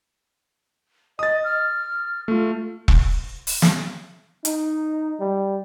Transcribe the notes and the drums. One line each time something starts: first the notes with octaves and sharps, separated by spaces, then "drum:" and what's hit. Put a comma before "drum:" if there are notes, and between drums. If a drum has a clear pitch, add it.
D#5 D#6 A6
F6
A3 F4
drum: kick E1
drum: open hi-hat
drum: snare
D#4, drum: hi-hat
G3